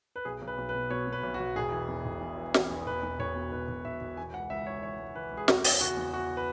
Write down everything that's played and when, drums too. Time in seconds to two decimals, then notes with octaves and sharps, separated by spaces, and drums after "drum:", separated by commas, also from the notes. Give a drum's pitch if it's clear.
0.16 B4
0.25 B1 G#4
0.42 B1
0.47 B4
0.58 B1
0.69 B4
0.75 B2
0.90 B2 C#5
1.07 B2
1.13 B4
1.23 B1
1.34 F#4
1.40 B1
1.56 E1 G#4
1.72 E3
1.88 E2
2.05 E1
2.21 E2
2.37 E3
2.54 E3, drum: snare
2.70 E2
2.86 E1 B4
3.03 E2
3.19 E1 C#5
3.35 B2
3.52 E1 B4
3.69 E1
3.85 E1 E5
4.01 E1
4.17 E3 G#5
4.34 C#2 F#5
4.50 C#2 E5
4.66 E3 C#5
4.83 E3 C#5
4.99 C#2
5.15 E3 B4
5.32 C#2
5.37 G#4
5.48 E2 F#4, drum: snare
5.64 E3, drum: open hi-hat
5.81 C#3 F#4
5.97 E2
6.13 E3 F#4
6.37 B4